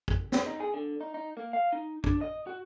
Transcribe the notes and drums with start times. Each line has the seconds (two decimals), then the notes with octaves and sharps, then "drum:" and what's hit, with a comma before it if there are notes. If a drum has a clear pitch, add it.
0.08 drum: kick
0.32 drum: snare
0.46 D#4
0.60 G#4
0.74 D3
1.01 D#4
1.14 D#4
1.37 A#3
1.53 F5
1.73 D#4
2.04 D4, drum: kick
2.21 D#5
2.47 F#4